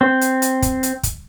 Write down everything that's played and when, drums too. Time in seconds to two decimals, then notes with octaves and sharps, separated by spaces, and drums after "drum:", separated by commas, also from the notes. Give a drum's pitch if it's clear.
0.01 C4
0.21 drum: hi-hat
0.42 drum: hi-hat
0.62 drum: kick, hi-hat
0.83 drum: hi-hat
1.03 drum: kick, hi-hat